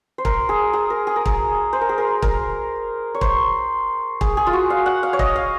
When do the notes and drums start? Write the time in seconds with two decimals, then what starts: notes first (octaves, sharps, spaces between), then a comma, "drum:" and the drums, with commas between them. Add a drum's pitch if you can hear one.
0.18 C5
0.25 A#4, drum: kick
0.49 G#4
0.73 G#4
0.90 A#4
1.07 G#4
1.16 A#4
1.26 G#4, drum: kick
1.73 C5
1.81 A#4
1.89 G#4
1.98 A#4
2.22 A#4, drum: kick
3.15 C#5
3.21 C5, drum: kick
4.21 G#4, drum: kick
4.37 G#4
4.47 F4
4.53 F#4
4.70 F5
4.86 F#5
5.03 F5
5.13 C#5
5.19 D#5, drum: kick
5.36 F5